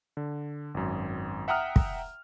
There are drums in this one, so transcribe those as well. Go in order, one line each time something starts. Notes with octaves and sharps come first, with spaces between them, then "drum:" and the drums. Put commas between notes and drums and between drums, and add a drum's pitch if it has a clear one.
D3
G#1 F#2
E5 F#5 G5 A#5 D#6 F6
drum: kick